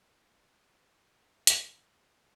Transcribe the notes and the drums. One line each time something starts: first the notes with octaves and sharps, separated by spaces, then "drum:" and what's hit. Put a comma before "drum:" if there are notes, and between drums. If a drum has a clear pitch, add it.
B5
B4
D4
D4
B4
E5
C5
C5, drum: hi-hat
C5
D4
A4